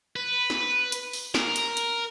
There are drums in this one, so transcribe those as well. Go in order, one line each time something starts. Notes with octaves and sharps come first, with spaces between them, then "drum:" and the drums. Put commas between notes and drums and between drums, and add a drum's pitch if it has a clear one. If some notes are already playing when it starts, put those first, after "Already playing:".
B4
drum: snare
drum: hi-hat
drum: open hi-hat
A#4, drum: snare
drum: hi-hat
drum: hi-hat